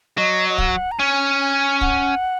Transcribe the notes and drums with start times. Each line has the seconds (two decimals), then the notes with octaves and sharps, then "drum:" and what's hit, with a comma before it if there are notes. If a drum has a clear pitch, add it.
0.17 F#3 D#5
0.49 D#5
0.58 F#5, drum: kick
0.91 A#5
0.99 C#4 G#5
1.40 G#5
1.81 F#5, drum: kick